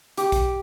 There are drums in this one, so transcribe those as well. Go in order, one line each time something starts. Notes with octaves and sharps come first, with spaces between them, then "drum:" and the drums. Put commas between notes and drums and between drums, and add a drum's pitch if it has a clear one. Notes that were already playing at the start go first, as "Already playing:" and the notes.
G4, drum: hi-hat
drum: kick, hi-hat